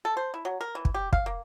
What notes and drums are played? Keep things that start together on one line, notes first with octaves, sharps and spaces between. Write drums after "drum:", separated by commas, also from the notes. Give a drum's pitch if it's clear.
A4
C5
E4
F#3
A#4
E3
drum: kick
G4
F5, drum: kick
A#3